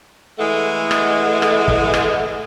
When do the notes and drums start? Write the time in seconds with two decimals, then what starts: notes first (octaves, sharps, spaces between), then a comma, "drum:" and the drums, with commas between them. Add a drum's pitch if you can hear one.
0.39 E3 G#3 A3 F#5
0.91 drum: rim click
1.42 drum: rim click
1.68 drum: kick
1.94 drum: rim click